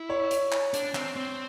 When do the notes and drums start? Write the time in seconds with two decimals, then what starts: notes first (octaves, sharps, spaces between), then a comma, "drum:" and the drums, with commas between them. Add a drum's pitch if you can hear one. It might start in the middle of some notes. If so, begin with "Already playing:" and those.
Already playing: E4
0.10 C#5
0.31 drum: hi-hat
0.52 drum: clap
0.74 D4, drum: hi-hat
0.95 C4, drum: clap
1.16 C4